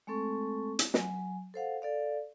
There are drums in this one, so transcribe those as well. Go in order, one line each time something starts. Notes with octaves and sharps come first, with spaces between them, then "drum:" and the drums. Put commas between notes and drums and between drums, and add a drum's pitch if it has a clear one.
G#3 A3 C4 A4 C#6
drum: hi-hat
F#3 G#5, drum: snare
A4 C5 F5 F#5
A4 D5 F5